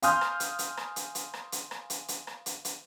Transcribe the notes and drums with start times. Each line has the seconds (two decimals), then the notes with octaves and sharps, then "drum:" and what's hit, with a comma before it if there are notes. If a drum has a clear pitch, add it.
0.02 F5 G#5 C6 D#6 F6 G6, drum: hi-hat
0.21 drum: rim click
0.40 drum: hi-hat
0.59 drum: hi-hat
0.77 drum: rim click
0.96 drum: hi-hat
1.15 drum: hi-hat
1.34 drum: rim click
1.52 drum: hi-hat
1.71 drum: rim click
1.90 drum: hi-hat
2.08 drum: hi-hat
2.27 drum: rim click
2.46 drum: hi-hat
2.65 drum: hi-hat